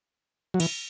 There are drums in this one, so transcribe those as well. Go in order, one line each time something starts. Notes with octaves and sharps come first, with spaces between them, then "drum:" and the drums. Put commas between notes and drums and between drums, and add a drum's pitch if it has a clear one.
F#3
E3, drum: cymbal